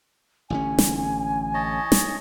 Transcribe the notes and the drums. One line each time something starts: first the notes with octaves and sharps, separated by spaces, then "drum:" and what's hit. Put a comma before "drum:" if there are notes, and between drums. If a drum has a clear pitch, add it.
A1 D3 C#4 G#5
drum: snare
C#5 D#5 A5
drum: snare